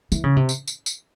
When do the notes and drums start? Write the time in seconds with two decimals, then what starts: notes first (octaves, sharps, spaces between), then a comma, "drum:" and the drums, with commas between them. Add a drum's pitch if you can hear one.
0.12 E3, drum: tambourine
0.24 C#3
0.36 C3
0.49 drum: tambourine
0.68 drum: tambourine
0.86 drum: tambourine